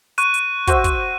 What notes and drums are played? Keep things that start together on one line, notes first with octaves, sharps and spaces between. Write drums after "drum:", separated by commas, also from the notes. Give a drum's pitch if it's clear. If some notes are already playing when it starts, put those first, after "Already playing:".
C#6 F#6 D#7, drum: hi-hat
drum: hi-hat
F#4 C5 E5, drum: kick, hi-hat
drum: kick, hi-hat